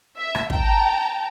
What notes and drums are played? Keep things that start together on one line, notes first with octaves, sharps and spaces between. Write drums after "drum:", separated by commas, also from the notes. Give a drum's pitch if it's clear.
E5
drum: rim click
G5 A5 A#5, drum: kick